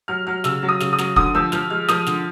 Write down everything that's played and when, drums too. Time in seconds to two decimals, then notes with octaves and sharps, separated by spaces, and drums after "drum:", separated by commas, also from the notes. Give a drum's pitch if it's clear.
0.08 F#3 F6
0.27 F#3 F6
0.44 C#3 E6, drum: snare
0.63 F#3
0.68 D#6
0.80 C#3, drum: snare
0.93 D#6
0.98 F#3, drum: snare
1.16 D3 D#6, drum: kick
1.35 F3 E6
1.52 F3 F6, drum: snare
1.70 G#3 F6
1.88 F3 D#6, drum: snare
2.06 D3, drum: snare